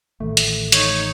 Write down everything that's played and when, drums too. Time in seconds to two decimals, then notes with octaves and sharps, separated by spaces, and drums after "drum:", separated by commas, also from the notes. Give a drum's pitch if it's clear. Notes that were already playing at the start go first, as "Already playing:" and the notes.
0.20 A1 D#3 E3 A3
0.37 drum: hi-hat
0.72 D#4 C#5, drum: hi-hat